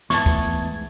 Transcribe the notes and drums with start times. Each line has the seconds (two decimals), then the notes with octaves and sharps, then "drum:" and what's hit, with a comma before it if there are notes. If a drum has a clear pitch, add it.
0.10 E2 G#2 E3 A3 A5 C#6 G#6, drum: snare
0.26 drum: kick, hi-hat
0.42 drum: hi-hat